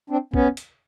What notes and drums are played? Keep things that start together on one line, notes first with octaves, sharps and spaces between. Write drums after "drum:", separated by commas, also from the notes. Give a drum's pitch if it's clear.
C4 D4
B3 C#4, drum: kick
drum: hi-hat